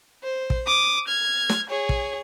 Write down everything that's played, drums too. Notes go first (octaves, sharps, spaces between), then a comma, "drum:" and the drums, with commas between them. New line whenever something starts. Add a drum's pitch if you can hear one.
C5
drum: kick
D6 D#6
F6 G#6
drum: snare
G#4 C#5
drum: kick